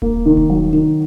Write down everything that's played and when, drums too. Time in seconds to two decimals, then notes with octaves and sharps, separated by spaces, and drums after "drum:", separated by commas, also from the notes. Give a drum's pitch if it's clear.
0.02 A#3, drum: kick D#1
0.26 D#3
0.37 drum: kick D#1
0.50 F#3
0.73 D#3